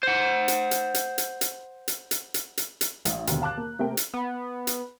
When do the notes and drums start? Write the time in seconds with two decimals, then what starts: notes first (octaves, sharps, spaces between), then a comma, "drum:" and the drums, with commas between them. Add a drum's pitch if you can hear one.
0.03 C5 F#5
0.48 drum: hi-hat
0.71 drum: hi-hat
0.94 drum: hi-hat
1.18 drum: hi-hat
1.41 drum: hi-hat
1.88 drum: hi-hat
2.11 drum: hi-hat
2.34 drum: hi-hat
2.57 drum: hi-hat
2.81 drum: hi-hat
3.05 A1, drum: hi-hat
3.27 D#2 G#2 B2 D3, drum: hi-hat
3.42 F5 A5 D6 F#6
3.57 A#3
3.79 C3 A3 A#3 A#4 G5
3.97 drum: hi-hat
4.14 B3
4.67 drum: hi-hat